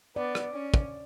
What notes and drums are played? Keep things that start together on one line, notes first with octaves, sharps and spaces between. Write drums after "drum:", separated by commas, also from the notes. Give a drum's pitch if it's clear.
B3 D5
drum: rim click
C#4
drum: kick